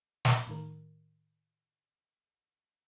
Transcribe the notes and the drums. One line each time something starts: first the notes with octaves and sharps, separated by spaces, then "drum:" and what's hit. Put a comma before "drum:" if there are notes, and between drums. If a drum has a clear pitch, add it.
drum: snare
A2 D#3 A#4